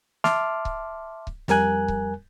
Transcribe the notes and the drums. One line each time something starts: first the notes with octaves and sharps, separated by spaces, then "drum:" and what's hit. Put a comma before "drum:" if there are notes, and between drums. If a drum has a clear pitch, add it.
E5 A5 C6 D6 F6, drum: snare
drum: kick C#1
drum: kick C#1
F2 G3 A#4 G#5 F#6, drum: snare
drum: kick C#1